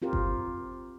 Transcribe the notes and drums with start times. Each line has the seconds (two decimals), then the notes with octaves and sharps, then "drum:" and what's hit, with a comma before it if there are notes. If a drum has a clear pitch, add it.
0.02 C4 F4 G4 A#4
0.13 drum: kick G1